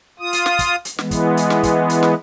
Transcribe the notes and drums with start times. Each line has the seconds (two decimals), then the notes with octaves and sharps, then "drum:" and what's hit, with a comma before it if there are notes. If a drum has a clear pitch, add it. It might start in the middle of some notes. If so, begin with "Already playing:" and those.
0.20 F4 D#6
0.33 drum: hi-hat
0.46 drum: snare
0.59 drum: kick, hi-hat
0.85 drum: hi-hat
0.99 E3 G#3 B3, drum: snare
1.11 drum: kick, hi-hat
1.37 drum: hi-hat
1.50 drum: snare
1.63 drum: kick, hi-hat
1.90 drum: hi-hat
2.03 drum: snare